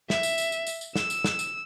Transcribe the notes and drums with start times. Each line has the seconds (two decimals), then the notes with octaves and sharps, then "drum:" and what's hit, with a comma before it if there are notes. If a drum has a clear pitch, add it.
0.10 E5, drum: snare
0.23 drum: tambourine
0.38 drum: tambourine
0.52 drum: tambourine
0.67 drum: tambourine
0.81 drum: tambourine
0.96 E6, drum: snare
1.10 drum: tambourine
1.24 drum: snare
1.39 drum: tambourine